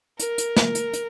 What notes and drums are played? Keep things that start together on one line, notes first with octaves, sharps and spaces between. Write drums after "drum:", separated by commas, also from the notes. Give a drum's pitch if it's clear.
A#4, drum: hi-hat
drum: hi-hat
drum: snare
drum: hi-hat
drum: hi-hat